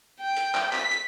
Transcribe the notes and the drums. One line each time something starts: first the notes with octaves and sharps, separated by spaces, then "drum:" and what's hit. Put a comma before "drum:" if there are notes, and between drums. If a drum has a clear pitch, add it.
G5
drum: hi-hat
drum: clap
B6, drum: clap
drum: hi-hat